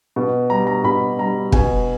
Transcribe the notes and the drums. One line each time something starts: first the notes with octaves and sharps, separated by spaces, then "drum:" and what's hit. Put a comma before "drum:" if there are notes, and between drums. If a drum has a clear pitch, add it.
B2
G3 A#5
A#5
B2 B5
G3 A#5
B2 G#5, drum: kick